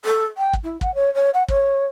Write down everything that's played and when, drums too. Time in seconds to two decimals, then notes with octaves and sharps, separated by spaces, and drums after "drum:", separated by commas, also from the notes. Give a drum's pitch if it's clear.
0.05 A4
0.37 G5
0.53 drum: kick
0.64 E4
0.81 F#5, drum: kick
0.94 C#5
1.14 C#5
1.34 F#5
1.48 C#5, drum: kick